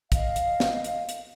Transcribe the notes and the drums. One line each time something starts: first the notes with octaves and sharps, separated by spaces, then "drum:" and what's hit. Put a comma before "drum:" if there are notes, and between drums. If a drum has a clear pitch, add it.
D#5 F5, drum: kick, hi-hat
drum: hi-hat
drum: snare
drum: hi-hat
drum: hi-hat